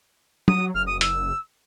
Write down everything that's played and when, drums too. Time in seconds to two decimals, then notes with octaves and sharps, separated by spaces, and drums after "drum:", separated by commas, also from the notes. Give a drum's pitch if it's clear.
0.48 F#3 D#6, drum: tom
0.75 F#1 F6
0.87 D#6
1.01 E6, drum: hi-hat